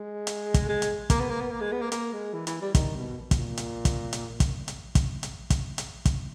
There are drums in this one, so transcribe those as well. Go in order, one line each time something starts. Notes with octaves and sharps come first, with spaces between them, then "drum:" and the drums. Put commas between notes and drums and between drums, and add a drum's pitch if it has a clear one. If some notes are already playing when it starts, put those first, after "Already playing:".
Already playing: G#3
drum: hi-hat
drum: kick, hi-hat
G#3
drum: hi-hat
A#3, drum: kick, hi-hat
B3
A#3
B3
A#3
G#3
B3
A#3
A#3, drum: hi-hat
G#3
E3
E3, drum: hi-hat
G3
D#3, drum: kick, hi-hat
B2
B2, drum: kick, hi-hat
A#2
drum: hi-hat
drum: kick, hi-hat
drum: hi-hat
drum: kick, hi-hat
drum: hi-hat
drum: kick, hi-hat
drum: hi-hat
drum: kick, hi-hat
drum: hi-hat
drum: kick, hi-hat